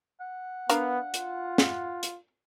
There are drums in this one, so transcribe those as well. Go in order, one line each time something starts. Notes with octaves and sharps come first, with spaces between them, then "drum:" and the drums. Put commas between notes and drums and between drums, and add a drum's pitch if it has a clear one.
F#5
B3 D4 A#4 F5, drum: hi-hat
F4, drum: hi-hat
drum: snare
drum: hi-hat